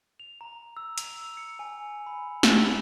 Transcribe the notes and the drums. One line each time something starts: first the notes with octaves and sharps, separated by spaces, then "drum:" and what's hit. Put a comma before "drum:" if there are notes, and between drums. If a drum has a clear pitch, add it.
F7
A#5
E6
F7, drum: hi-hat
C#7
G#5
B5
E6, drum: snare
A#5